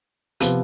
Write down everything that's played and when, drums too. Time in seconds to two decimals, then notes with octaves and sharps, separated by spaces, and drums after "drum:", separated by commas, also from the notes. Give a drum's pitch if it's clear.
0.40 C3 F3 B3, drum: hi-hat